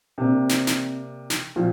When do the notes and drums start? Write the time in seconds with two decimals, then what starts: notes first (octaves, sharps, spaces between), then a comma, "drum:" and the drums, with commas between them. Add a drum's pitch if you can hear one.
0.18 C3 A#3 C4 D4
0.49 drum: snare
0.67 drum: snare
1.30 drum: snare
1.56 A#2 F3 C4 F4